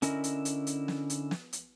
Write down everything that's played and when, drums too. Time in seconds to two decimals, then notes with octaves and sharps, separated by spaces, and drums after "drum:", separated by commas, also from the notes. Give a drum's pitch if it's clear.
0.02 D3 C#4 E4 A#4 D#5, drum: hi-hat
0.24 drum: hi-hat
0.45 drum: hi-hat
0.67 drum: hi-hat
0.88 drum: snare
1.10 drum: hi-hat
1.31 drum: snare
1.53 drum: hi-hat